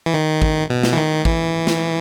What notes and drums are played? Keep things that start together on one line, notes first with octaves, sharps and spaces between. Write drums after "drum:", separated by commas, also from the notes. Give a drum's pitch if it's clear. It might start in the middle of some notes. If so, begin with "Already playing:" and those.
E3
D#3
drum: kick
B2
drum: snare
E3
D#3
E3, drum: kick
drum: snare